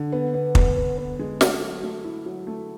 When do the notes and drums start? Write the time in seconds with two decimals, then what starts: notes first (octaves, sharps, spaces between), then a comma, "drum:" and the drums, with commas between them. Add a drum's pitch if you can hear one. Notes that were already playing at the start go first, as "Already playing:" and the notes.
Already playing: D3
0.12 B3
0.34 B3
0.55 B3, drum: kick
0.77 B3
0.97 B3
1.19 G#3
1.41 A3, drum: snare
1.61 F#3
1.83 A3
2.04 E4
2.26 F#3
2.47 A3